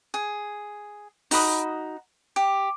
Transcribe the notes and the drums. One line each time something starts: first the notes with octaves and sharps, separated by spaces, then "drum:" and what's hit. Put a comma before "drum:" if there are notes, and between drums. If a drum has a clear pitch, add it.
G#4
D#4 F#4 B5 D#6, drum: open hi-hat
G4